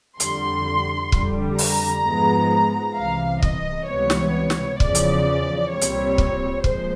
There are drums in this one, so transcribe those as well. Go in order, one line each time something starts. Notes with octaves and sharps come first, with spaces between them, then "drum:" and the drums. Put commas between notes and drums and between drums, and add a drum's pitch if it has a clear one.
F2 D3 G3 C6, drum: hi-hat
F2 D3 G3, drum: kick
A#5, drum: open hi-hat
G#2 F3 G#3 B3
C2 C3 E3 F5
D#5, drum: kick
C#2 C3 E3 G3 B3 C#5
drum: snare
drum: snare
E2 C#3 F3 D5, drum: kick
drum: hi-hat
C2 A#2 G3 C4 C#5
drum: hi-hat
drum: kick
A#2 F3 G#3 C5, drum: kick